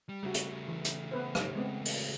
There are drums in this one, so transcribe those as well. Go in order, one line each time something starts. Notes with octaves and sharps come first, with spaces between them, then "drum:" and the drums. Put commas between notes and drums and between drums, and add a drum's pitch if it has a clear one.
G3
C#3 G3 A3 F#4
drum: hi-hat
E3
drum: hi-hat
B3 B4 C5
drum: rim click
G#3 B3 C4
drum: open hi-hat